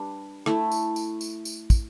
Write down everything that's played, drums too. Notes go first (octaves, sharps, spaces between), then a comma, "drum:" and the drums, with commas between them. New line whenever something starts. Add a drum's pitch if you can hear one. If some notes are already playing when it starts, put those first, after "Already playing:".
Already playing: G3 D4 B4
A3 E4 A4, drum: rim click
drum: tambourine
drum: tambourine
drum: tambourine
drum: tambourine
drum: kick, tambourine